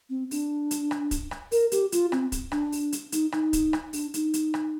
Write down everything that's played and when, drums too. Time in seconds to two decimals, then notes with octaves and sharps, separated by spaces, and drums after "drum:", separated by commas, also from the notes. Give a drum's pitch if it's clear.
0.10 C4
0.31 D4, drum: open hi-hat
0.71 drum: hi-hat
0.91 drum: rim click
1.11 drum: kick, hi-hat
1.31 drum: rim click
1.52 A#4, drum: open hi-hat
1.72 G4, drum: hi-hat
1.92 F4, drum: hi-hat
2.12 C4, drum: rim click
2.32 drum: kick, hi-hat
2.52 D4, drum: rim click
2.72 drum: open hi-hat
2.92 drum: hi-hat
3.12 D#4, drum: hi-hat
3.32 D#4, drum: rim click
3.53 drum: kick, hi-hat
3.73 drum: rim click
3.93 D4, drum: open hi-hat
4.14 D#4, drum: hi-hat
4.34 drum: hi-hat
4.54 drum: rim click